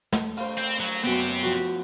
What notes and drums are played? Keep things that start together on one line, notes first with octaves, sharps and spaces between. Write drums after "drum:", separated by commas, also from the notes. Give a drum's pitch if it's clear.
A3, drum: snare
C5 F5, drum: cymbal
C4
F#3
F#2 B3 C4 G4
F3 F#4